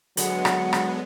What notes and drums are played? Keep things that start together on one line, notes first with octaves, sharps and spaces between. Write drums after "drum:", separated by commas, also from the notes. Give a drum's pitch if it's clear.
D3 F#3 G#3 B3 F#5, drum: hi-hat
drum: rim click
drum: rim click